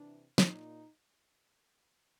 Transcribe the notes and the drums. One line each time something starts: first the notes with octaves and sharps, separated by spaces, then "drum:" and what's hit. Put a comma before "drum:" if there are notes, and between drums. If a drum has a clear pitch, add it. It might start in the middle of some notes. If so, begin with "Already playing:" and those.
Already playing: C3 E3 D4
A#2 D#4, drum: snare